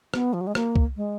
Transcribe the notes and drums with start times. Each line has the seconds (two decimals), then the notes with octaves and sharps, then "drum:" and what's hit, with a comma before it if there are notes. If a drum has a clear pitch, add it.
0.14 B3, drum: rim click
0.33 F3
0.41 F#3
0.47 G#3
0.55 A#3, drum: rim click
0.76 drum: kick
0.96 G#3